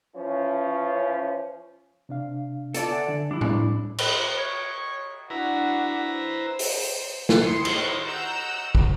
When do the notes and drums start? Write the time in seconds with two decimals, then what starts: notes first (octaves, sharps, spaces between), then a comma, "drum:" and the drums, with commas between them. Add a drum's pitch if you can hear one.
0.15 E3 F3 C#4
2.09 C3 D4 F5
2.74 B3 F4 A4 D5 A5, drum: hi-hat
2.91 E5 F#5 G#5
3.09 D3 D4
3.31 F3 G3 D4 E4
3.41 drum: tom A2
3.98 B4, drum: cymbal
4.38 C#5
5.30 D4 E4 F#4 B4 A#5
6.10 C5
6.59 drum: open hi-hat
7.29 drum: snare
7.40 D#3 E4 C6 D#6 C7 C#7
7.65 drum: cymbal
8.06 F#5 A#5 E6 G6
8.75 drum: kick